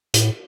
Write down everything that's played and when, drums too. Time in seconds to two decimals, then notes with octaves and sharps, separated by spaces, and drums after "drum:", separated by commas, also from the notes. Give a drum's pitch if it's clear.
0.14 A2, drum: hi-hat